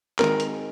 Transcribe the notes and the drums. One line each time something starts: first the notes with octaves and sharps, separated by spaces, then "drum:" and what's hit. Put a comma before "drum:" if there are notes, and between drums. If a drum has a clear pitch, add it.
D#3 G#3 C4 F#4 A#4, drum: clap
drum: hi-hat